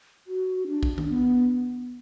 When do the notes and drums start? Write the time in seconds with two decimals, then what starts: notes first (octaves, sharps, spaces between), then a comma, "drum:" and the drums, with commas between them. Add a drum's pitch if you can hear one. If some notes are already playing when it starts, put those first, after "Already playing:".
0.27 F#4
0.68 D4
0.83 drum: kick B1
0.98 drum: tom D#3
1.09 B3